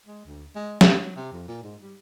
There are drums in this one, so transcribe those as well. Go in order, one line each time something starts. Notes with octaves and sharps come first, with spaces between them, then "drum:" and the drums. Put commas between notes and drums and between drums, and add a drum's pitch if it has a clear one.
G#3
D2
G#3
A#3, drum: snare
F#3
C3
F2
A#2
G#2
G3